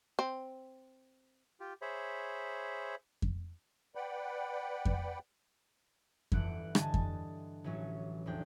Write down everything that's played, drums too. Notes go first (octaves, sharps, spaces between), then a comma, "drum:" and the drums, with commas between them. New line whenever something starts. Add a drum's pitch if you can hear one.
C4
F4 G4
G#4 C5 C#5 E5 B5
drum: kick F2
B4 D5 F#5 G5 B5
drum: kick F2
G1 E3 F#5 F#6 D7, drum: kick F2
G2 D3 G3 D#5 G#5 A5, drum: rim click
A6, drum: kick F2
A1 E3 F#3 C#4
F1 E2 D4 G5